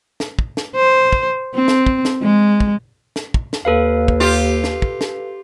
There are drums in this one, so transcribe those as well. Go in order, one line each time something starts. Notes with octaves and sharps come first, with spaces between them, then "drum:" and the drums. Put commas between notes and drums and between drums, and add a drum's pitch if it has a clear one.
drum: snare
drum: kick
drum: snare
C5
drum: kick
C4
drum: snare
drum: kick
drum: snare
G#3
drum: kick
drum: snare
drum: kick
drum: snare
D#2 A4 B4 F5
drum: kick
F4 G4
drum: snare
drum: kick
drum: snare